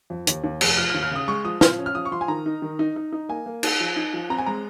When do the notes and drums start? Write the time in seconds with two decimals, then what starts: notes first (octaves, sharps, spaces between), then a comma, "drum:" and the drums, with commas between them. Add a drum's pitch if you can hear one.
0.10 F2
0.27 D#2, drum: hi-hat
0.44 D#2
0.61 F1, drum: cymbal
0.77 F3 F6
0.90 F6
0.94 D#2
1.03 F6
1.11 C#3 D#6
1.28 G#3 C#6
1.44 F3 D#6
1.61 F3 F6, drum: snare
1.78 C#4
1.86 F6
1.95 F3 D#6
2.05 C#6
2.11 F3 C6
2.21 G#5
2.28 D#3 A#5
2.46 D#4
2.62 D#3
2.79 D#4
2.96 D#4
3.12 D#4
3.29 A#3 G#5
3.46 A#3
3.63 D#4, drum: cymbal
3.80 F3
3.96 D#4
4.14 F3
4.30 C4 A#5
4.38 G#5
4.46 G#3 A#5